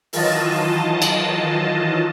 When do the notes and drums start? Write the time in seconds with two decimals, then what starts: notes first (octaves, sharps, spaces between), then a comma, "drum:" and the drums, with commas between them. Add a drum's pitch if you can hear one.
0.13 D#3 E3 F#3 F4 D#5 A5, drum: open hi-hat
1.02 drum: cymbal